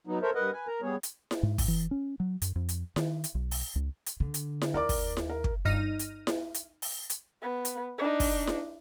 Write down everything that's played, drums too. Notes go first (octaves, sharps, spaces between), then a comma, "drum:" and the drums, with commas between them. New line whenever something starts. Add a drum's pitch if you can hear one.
F#3 B3 D#4
A4 A#4 C5 C#5 E5
G2 A#4 B4 D#5 F#5
B4 G#5
A#4 A#5
G3 B3 G#4 C#5
drum: hi-hat
drum: snare E4
G#2
drum: kick, open hi-hat
E3
C#4
F#3
F#2, drum: hi-hat
F2
drum: hi-hat
D#3, drum: snare E4
drum: hi-hat
B1
drum: open hi-hat
C#2
drum: hi-hat
D3
drum: hi-hat
drum: snare E4
D#2 A#4 D5 D6
drum: kick, open hi-hat
drum: snare E4
A#4
drum: kick
G1 G2 D#4 F6 A#6 D#7
drum: hi-hat
drum: snare E4
drum: hi-hat
drum: open hi-hat
drum: hi-hat
B3
drum: hi-hat
D4 D#4
drum: kick, open hi-hat
drum: snare E4